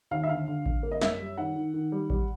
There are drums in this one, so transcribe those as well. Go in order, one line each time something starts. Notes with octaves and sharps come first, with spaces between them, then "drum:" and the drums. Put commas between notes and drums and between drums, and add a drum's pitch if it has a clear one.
D#2 F5
E5
D3 F5
D3
D3, drum: kick A1
A#3
D#5
F#2 E5, drum: snare
G3
D#3 F#5
D#3
D#3
G3
G3, drum: kick A1